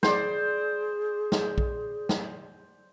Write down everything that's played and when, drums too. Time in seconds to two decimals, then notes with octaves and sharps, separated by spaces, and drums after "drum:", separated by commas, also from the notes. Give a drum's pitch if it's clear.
0.03 G#4 C5 D5, drum: snare
1.32 drum: snare
1.58 drum: kick A#1
2.09 drum: snare